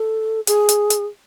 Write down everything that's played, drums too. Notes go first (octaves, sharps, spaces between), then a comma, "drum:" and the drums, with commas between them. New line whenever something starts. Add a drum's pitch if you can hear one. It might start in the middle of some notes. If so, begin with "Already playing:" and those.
Already playing: A4
G#4, drum: hi-hat
drum: hi-hat
drum: hi-hat